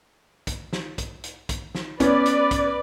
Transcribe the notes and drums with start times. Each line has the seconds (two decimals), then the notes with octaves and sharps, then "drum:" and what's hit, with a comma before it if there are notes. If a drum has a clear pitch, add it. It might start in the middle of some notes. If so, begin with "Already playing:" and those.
0.47 drum: kick, hi-hat
0.73 drum: snare
0.98 drum: kick, hi-hat
1.24 drum: hi-hat
1.49 drum: kick, hi-hat
1.75 drum: snare
2.00 B3 C#4 B4 D5, drum: kick, hi-hat
2.26 drum: hi-hat
2.51 drum: kick, hi-hat